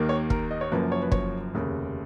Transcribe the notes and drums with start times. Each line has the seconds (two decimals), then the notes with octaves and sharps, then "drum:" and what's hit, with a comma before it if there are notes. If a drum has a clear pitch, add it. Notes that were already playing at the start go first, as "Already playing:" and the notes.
Already playing: D#2 D#3 A#3
0.09 C#5
0.30 A#4, drum: kick
0.51 D#5
0.61 C#5
0.71 F#1 F#2 F3 A#3 B4
0.92 C#5
1.02 B4
1.12 C#5, drum: kick
1.54 F1 D#2 C#3